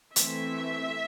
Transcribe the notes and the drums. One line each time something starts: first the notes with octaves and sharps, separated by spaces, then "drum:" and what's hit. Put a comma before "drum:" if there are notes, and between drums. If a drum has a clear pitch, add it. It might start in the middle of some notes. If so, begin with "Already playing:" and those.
E3 A3 C4 E5, drum: hi-hat